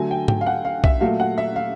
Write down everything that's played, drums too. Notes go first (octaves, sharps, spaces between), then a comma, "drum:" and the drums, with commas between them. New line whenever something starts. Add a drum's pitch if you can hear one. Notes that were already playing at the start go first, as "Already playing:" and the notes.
Already playing: D3 F#3 A3 G#5
G5
G5, drum: tom G#2
F5
F#5
F5
E5, drum: kick B1
A#2 F#3 A3 F5
F#5
E5
F5